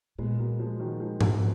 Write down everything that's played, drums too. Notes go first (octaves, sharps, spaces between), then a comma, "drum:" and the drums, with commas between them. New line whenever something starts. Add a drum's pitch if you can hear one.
A#2 G#3 B3
F#3 A#3
F3 G#3
D#3 F#3
F3 G#3
drum: tom G#2
B3